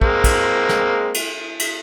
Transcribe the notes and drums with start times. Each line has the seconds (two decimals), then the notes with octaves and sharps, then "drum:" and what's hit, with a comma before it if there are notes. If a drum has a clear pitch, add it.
0.01 G#3 A#3 C4, drum: kick
0.24 drum: kick, cymbal
0.69 drum: snare
1.14 drum: cymbal
1.59 drum: cymbal